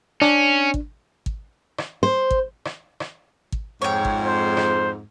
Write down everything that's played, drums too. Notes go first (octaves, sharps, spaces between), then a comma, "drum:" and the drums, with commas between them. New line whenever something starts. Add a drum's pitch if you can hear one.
C#4 D4, drum: rim click
drum: kick
drum: kick
drum: rim click
C5
drum: kick
drum: rim click
drum: rim click
drum: kick
F2 G#2 C#5 G5
drum: kick
C5
drum: rim click